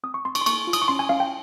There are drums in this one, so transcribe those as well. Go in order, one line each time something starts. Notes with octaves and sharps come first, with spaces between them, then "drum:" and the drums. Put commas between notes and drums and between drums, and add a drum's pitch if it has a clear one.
C4 D#6
C#6
C4 C6
C#6, drum: cymbal
C6
A#3 C#6, drum: cymbal
F4
D#6, drum: cymbal
C#6
C#4 C6
G#5
C#4 F5
G5